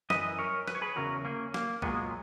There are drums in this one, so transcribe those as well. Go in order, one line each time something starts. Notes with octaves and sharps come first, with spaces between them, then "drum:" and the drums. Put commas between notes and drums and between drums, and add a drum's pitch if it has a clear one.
F#2 E3 B4 D#5, drum: snare
A#4 C#5
B4, drum: snare
C#5
G#4 B4
E2 C#3 F#3 F#4 A#4
A#3 C#4
A#3, drum: snare
A#2 F#3 G#3 B3, drum: kick C2